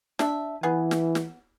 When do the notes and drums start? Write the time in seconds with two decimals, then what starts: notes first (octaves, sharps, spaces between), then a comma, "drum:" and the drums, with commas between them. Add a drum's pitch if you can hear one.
0.19 D4 E5, drum: snare
0.63 E3 B3 G#4
0.91 drum: snare
1.15 drum: snare